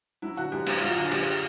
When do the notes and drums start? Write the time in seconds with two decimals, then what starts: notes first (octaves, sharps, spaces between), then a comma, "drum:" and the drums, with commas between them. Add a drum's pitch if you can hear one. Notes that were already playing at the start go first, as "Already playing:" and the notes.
0.22 F#3 E4
0.37 D3 F#4
0.52 F#2 G4
0.67 F#2, drum: cymbal
0.82 F#3 F4
0.97 D3 F#4
1.06 G#4
1.12 F#2 G4, drum: cymbal